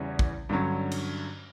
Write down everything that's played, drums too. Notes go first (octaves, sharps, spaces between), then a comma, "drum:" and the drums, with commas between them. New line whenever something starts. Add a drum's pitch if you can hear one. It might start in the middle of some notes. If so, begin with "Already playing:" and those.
Already playing: E2 C#3 E3 G3 C#4
drum: kick
G2 D3 F#3 C#4
drum: cymbal